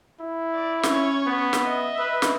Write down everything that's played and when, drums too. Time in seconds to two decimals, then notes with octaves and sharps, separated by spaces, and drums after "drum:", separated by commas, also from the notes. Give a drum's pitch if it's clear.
0.20 E4
0.54 D5
0.83 C#4 C#5, drum: snare
1.26 B3
1.53 drum: snare
1.63 D#5 E5
1.99 B4
2.22 drum: snare